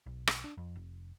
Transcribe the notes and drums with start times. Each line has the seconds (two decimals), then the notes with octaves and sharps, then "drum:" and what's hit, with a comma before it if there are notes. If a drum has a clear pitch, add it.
0.06 B1
0.27 drum: rim click
0.44 D4
0.57 F2
0.76 F1